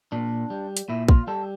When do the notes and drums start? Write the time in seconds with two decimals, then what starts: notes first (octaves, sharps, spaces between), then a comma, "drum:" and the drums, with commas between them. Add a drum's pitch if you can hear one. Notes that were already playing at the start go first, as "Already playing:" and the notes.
0.12 A#2 D4
0.50 G3
0.77 drum: hi-hat
0.89 A#2 E4
1.09 F4, drum: kick
1.27 G3 A4